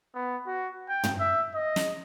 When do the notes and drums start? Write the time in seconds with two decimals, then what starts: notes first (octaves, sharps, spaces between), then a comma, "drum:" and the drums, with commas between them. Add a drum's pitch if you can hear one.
0.14 B3
0.47 F#4
0.88 G5
1.03 drum: tom
1.20 E5
1.55 D#5
1.76 drum: snare